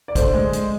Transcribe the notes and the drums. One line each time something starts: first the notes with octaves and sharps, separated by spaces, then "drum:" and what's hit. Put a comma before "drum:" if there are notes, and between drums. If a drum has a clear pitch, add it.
D5
D3 C5, drum: kick, hi-hat
G#3
G#3, drum: hi-hat